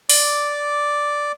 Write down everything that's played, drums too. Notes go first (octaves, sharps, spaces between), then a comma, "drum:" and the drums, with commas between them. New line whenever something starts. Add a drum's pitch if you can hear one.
D5 D6, drum: open hi-hat